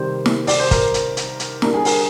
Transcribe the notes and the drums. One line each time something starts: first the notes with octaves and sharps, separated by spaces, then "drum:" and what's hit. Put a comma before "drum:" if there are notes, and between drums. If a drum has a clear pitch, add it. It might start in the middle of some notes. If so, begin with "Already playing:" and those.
Already playing: C3 D#3 G3 C5
drum: snare
D5, drum: open hi-hat
C5
A#4, drum: kick, hi-hat
drum: hi-hat
drum: hi-hat
drum: hi-hat
D3 G3 A#4, drum: snare
G#4
A#4, drum: open hi-hat